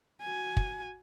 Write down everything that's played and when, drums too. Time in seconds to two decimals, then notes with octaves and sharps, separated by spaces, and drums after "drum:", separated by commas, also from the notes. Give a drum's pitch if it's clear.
0.22 F#4 G#5
0.57 drum: kick